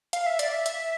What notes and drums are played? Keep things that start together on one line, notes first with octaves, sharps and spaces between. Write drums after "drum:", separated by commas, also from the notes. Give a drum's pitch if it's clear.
F5, drum: hi-hat
E5
D5, drum: hi-hat
E5
E5, drum: hi-hat